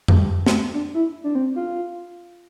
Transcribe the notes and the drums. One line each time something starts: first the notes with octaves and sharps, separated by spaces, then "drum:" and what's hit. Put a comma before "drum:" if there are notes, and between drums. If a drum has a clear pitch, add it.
A3, drum: tom F2
G3
A3, drum: snare
D4
E4
D4
C4
F4